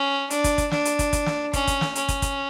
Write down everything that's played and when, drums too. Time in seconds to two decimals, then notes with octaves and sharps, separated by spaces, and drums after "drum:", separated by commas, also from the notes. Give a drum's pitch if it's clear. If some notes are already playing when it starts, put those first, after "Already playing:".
Already playing: C#4
0.30 D4, drum: hi-hat
0.44 drum: kick, hi-hat
0.58 drum: kick, hi-hat
0.71 D4, drum: snare
0.85 drum: hi-hat
0.99 drum: kick, hi-hat
1.13 drum: kick, hi-hat
1.26 drum: snare
1.53 C#4, drum: kick, hi-hat
1.67 drum: kick, hi-hat
1.81 drum: snare
1.95 C#4, drum: hi-hat
2.08 drum: kick, hi-hat
2.22 drum: kick, hi-hat